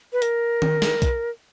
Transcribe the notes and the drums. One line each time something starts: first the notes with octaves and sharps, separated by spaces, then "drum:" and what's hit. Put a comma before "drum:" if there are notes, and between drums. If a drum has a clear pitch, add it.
B4
A#4, drum: hi-hat
drum: tom D#3
drum: snare
drum: kick, hi-hat